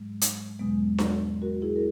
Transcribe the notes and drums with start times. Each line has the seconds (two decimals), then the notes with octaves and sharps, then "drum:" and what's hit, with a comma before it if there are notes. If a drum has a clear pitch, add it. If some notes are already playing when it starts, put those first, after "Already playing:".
Already playing: G#2 F#3 G#3
0.21 drum: hi-hat
0.59 E2 B2 F#3 G#3 B3
0.98 drum: snare D4
1.42 F#4 A#4
1.62 E4 G#4
1.76 A#4